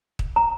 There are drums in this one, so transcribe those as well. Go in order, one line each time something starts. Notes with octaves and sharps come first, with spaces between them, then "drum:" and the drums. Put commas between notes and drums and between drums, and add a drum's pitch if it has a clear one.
drum: kick
A#5